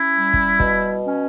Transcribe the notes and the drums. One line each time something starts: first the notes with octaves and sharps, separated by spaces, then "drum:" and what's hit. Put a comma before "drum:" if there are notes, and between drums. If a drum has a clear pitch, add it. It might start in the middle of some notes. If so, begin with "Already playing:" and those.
Already playing: C#4 E4
G3
drum: kick
B2, drum: kick
C#4